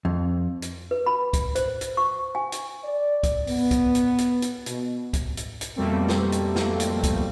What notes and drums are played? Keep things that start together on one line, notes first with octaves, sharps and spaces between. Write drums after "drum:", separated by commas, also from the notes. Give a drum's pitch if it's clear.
F2
drum: hi-hat
B4
B5
drum: kick, hi-hat
C5, drum: hi-hat
drum: hi-hat
C#6
G#5
drum: hi-hat
D5
drum: kick, hi-hat
B3, drum: open hi-hat
drum: kick, hi-hat
drum: hi-hat
drum: hi-hat
drum: hi-hat
B2, drum: hi-hat
drum: kick, hi-hat
drum: hi-hat
drum: hi-hat
F2 B2 G3 A3 A#3 C4
drum: snare
drum: hi-hat
drum: snare
drum: hi-hat
drum: kick, hi-hat